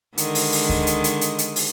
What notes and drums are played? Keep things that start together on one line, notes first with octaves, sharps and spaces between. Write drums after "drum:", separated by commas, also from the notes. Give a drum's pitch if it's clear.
D3 D#3 G#3, drum: hi-hat
drum: open hi-hat
drum: open hi-hat
drum: kick D2
drum: hi-hat
drum: hi-hat
drum: hi-hat
drum: hi-hat
drum: open hi-hat